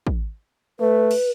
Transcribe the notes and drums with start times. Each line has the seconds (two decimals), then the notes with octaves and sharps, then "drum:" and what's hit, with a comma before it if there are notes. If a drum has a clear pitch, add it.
0.07 drum: kick
0.80 A3 B4
1.11 drum: cymbal